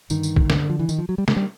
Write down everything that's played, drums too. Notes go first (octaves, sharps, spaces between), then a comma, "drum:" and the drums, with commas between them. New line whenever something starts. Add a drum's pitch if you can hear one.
G2 D3 D#3, drum: tambourine
drum: tambourine
drum: kick
D3, drum: snare
F3
E3
D#3, drum: tambourine
F3
F#3
G3
G#3, drum: snare
G3